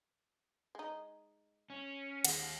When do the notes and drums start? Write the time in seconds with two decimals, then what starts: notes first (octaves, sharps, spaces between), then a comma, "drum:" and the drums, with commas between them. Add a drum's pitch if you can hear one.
0.75 G#3 D#4
1.70 C#4
2.25 D#2 G#3 F#5, drum: cymbal